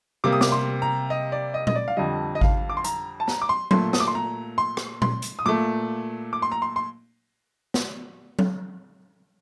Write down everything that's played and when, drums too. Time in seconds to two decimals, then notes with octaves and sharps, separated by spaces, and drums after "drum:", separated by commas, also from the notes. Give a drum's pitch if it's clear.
0.24 C3 G3 A#3 D6
0.33 D#6
0.41 D6, drum: snare
0.52 C6
0.82 A#5
1.10 D#5
1.32 D5
1.54 D#5
1.67 D#5, drum: tom A#2
1.76 D5
1.88 F5
1.97 F2 D3 G3 D#5
2.35 D#5
2.41 F5, drum: kick G#1
2.69 D6
2.77 C6
2.84 A#5, drum: hi-hat
3.20 A5
3.28 A#5, drum: snare
3.42 D6
3.49 C6
3.71 A#2 A3 C6, drum: tom F#3
3.93 D#6, drum: snare
4.00 D6
4.07 C6
4.15 A#5
4.58 C6
4.77 drum: rim click
5.02 C6, drum: tom A#2
5.22 drum: hi-hat
5.39 D#6
5.46 A#2 A3 D6
6.33 D6
6.42 C6
6.52 A#5
6.62 C6
6.76 C6
7.74 drum: snare
8.39 drum: tom F#3